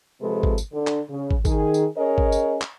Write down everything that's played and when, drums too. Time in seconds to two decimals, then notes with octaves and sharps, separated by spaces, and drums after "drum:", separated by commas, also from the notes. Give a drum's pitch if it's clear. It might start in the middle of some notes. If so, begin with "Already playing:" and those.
0.22 C3 F3 G#3 C4 A4 B4
0.43 drum: kick
0.58 drum: tambourine
0.72 D3
0.87 drum: clap
1.10 C#3
1.31 drum: kick
1.45 D#3 G#4, drum: kick, tambourine
1.74 drum: tambourine
1.97 C#4 G#4 A#4 C#5 D#5
2.18 drum: kick
2.32 drum: tambourine
2.61 drum: clap